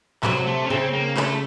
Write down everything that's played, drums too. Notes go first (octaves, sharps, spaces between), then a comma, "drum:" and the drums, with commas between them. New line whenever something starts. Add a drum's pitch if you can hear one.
C3 F#3, drum: clap
A3
C#4
C#3 C4
A#3
A3, drum: clap